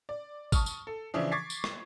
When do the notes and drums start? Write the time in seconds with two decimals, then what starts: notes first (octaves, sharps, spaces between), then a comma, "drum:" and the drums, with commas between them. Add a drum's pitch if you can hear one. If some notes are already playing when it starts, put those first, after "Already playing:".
0.09 D5
0.52 A5 C#6 D#6 F6, drum: kick, tambourine
0.66 drum: tambourine
0.87 A4
1.14 C#3 E3 F3 D4
1.31 C#6 D6 G#6 A6 B6 C7
1.50 drum: tambourine
1.64 drum: rim click